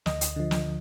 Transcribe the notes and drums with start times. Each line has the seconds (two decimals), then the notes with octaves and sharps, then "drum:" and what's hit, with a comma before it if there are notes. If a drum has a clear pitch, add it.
0.06 D2 D#5, drum: snare
0.21 drum: hi-hat
0.36 D3 F3
0.51 drum: snare